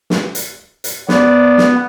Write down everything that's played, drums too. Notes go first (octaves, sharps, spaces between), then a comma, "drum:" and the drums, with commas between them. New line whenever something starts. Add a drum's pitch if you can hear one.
drum: snare
drum: hi-hat
drum: hi-hat
B3 D5, drum: snare
drum: snare